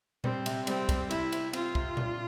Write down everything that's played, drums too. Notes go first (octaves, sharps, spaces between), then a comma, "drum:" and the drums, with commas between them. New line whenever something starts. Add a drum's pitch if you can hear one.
G3 C4, drum: tom A#2
C3, drum: cymbal
G3 C4, drum: cymbal
G3, drum: kick, cymbal
C3 E4, drum: cymbal
C4, drum: cymbal
C4 F4, drum: cymbal
C3, drum: kick
D4, drum: tom A#2